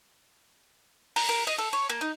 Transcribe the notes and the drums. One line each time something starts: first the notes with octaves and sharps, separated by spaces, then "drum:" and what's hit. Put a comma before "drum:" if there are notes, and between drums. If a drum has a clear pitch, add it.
A#5, drum: open hi-hat
A#4
D#5
A4
C#5
A#3
D#4